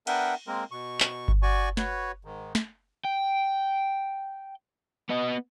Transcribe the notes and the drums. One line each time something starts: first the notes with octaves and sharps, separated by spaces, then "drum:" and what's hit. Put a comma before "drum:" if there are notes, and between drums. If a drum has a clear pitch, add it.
B3 D4 A#4 E5 F#5 G5, drum: cymbal
G#3 A#3 C4 A#4
B2 C#6
drum: clap
drum: kick G1
F#4 D5 G#5 C#6
F#4 B4 C#5, drum: snare
G#2 D#3
drum: snare
G5
B3 D#5